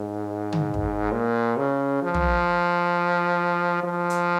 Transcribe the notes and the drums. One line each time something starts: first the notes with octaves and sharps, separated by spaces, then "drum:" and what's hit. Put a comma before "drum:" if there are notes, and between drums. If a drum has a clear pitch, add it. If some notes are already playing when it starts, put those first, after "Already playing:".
Already playing: G#2
drum: tom
drum: kick
A#2
C#3
F3
drum: tom
F3
drum: hi-hat